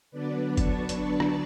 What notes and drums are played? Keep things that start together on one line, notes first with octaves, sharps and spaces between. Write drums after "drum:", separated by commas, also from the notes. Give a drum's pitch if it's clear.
D3 F#3 B3 D4 B4 D5
A5 C#6, drum: kick F#1, hi-hat
drum: hi-hat
drum: rim click